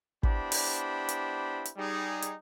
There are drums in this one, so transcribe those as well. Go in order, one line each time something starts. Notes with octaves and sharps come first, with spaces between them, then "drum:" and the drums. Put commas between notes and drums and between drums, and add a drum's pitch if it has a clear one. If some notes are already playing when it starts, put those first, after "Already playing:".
B3 D4 E4 G4 C5 B5, drum: kick
drum: open hi-hat
drum: hi-hat
drum: hi-hat
G3 D#4 G#4
drum: hi-hat